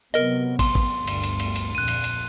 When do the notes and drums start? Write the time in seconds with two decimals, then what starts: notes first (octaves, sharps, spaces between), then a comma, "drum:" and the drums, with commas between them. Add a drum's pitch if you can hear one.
0.14 C3 F#3 B3 A#4 D#5
0.59 C6, drum: kick, cymbal
0.75 drum: kick
0.95 G1 D2
1.07 drum: cymbal
1.24 drum: cymbal
1.40 drum: cymbal
1.56 drum: cymbal
1.75 A#1 F2 F#6 D#7
1.88 drum: cymbal
2.04 drum: cymbal